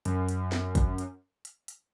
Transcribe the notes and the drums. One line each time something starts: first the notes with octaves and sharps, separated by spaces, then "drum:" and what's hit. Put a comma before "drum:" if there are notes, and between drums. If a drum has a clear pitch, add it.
F#2, drum: hi-hat
drum: hi-hat
drum: snare
drum: kick, hi-hat
drum: hi-hat
drum: hi-hat
drum: hi-hat